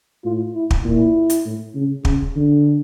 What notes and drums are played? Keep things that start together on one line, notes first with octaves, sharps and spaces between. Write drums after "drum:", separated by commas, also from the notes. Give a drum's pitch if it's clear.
A2 F4
E4
drum: kick
A#2 E4
drum: hi-hat
A2
C#3
C#3, drum: kick
D3